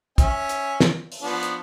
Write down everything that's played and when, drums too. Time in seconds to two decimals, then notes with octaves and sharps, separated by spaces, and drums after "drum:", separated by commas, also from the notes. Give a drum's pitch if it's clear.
0.18 C#4 E5 G#5, drum: kick, hi-hat
0.49 drum: hi-hat
0.80 drum: snare
1.12 drum: open hi-hat
1.22 F3 B3 D4
1.43 drum: hi-hat